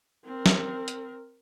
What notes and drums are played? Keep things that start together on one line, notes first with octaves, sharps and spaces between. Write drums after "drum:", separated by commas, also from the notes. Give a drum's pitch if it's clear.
C4 A#4
drum: snare
drum: hi-hat